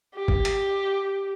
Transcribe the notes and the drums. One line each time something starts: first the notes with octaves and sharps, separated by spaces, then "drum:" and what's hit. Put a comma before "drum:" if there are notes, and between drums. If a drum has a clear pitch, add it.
G4
drum: kick G1
drum: hi-hat